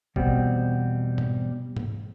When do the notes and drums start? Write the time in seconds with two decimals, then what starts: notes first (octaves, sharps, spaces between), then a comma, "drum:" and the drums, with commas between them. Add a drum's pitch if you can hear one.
0.16 E2 B2 G3 C4, drum: kick
1.18 drum: tom G#2
1.77 drum: tom G#2